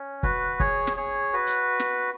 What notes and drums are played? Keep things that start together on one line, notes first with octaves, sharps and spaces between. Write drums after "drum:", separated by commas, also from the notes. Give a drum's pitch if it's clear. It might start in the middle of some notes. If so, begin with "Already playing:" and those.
Already playing: C#4
F#4 B4, drum: kick
G#4 C#5, drum: kick
drum: snare
G#4 C#5
F#4 B4
drum: hi-hat
drum: snare